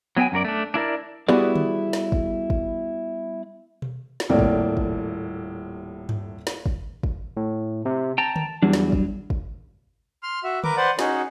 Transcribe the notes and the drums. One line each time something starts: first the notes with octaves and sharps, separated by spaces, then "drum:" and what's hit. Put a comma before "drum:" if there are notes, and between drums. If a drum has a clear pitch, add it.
F#3 B3 D#5 G5 G#5
F#2 F#3 A#4 D5
A3 D4
D4 E4 A#4 D5
G3 B3 E4 F#4 G#4 D5
drum: tom D3
drum: snare
drum: kick
drum: kick
drum: tom B2
drum: snare
D#1 A2 C3 A#3 D5
drum: kick
drum: kick
drum: tom G2
drum: snare
drum: kick
drum: kick
A2
C3
G5 A5 A#5
drum: tom D3
E2 F#3 G3 D4
drum: snare
drum: kick
drum: kick
C6 F6
F#4 E5
A#4 B4 D6, drum: tom D3
B4 C5 D5 F#5
C#4 D#4 F#4 G#4, drum: snare